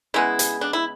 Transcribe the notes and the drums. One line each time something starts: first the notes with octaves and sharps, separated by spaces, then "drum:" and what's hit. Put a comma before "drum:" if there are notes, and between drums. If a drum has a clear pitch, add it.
C#3 G#3 B3 E4
drum: hi-hat
D4
E4